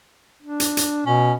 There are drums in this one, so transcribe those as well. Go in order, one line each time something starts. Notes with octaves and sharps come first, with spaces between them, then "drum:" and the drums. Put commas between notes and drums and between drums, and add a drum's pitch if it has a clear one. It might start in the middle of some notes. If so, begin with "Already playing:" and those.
D4
drum: hi-hat
drum: hi-hat
B2 C#4